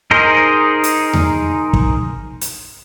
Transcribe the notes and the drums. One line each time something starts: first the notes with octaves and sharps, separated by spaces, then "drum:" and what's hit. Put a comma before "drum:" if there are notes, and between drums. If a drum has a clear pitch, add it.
D#4 G#4 A#4 C5 D#5
drum: hi-hat
drum: tom E2
drum: kick
drum: hi-hat